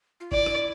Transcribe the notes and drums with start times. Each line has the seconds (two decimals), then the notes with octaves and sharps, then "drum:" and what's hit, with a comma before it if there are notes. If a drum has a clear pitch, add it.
0.20 F4
0.32 E4 D5, drum: kick
0.46 drum: rim click